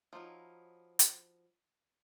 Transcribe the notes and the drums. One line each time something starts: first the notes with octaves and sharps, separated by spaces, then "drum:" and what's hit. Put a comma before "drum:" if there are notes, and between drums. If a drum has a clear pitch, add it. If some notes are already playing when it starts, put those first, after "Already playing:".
F3 F#3 D#4 E4
drum: hi-hat